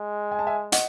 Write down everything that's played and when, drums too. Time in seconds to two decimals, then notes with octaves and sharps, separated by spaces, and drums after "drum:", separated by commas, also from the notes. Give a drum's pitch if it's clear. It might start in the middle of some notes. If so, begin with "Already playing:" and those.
Already playing: G#3
0.32 G#5
0.39 A5
0.47 E5 G#5
0.72 D#5 F#5, drum: hi-hat